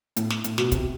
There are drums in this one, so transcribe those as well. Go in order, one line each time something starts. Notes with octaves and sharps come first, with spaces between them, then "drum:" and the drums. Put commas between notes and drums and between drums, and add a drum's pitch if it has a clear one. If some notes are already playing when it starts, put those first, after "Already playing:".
A2, drum: hi-hat
drum: snare
A2, drum: hi-hat
B2, drum: snare
C3, drum: kick, hi-hat